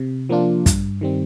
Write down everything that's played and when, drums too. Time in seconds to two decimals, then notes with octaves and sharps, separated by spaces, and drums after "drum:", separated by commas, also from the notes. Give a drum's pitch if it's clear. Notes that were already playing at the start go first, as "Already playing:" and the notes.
Already playing: C3
0.29 F3 A#3 D4 F4
0.66 G2, drum: kick, hi-hat
1.01 D#3 G3 C4